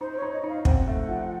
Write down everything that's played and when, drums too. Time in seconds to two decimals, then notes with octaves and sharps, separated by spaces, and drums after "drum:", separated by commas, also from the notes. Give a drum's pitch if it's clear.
0.01 D#4 C5
0.17 D#4 C#5
0.33 D#5
0.43 D#4
0.49 F5
0.65 C4 F#5, drum: kick
0.87 A3
1.09 F3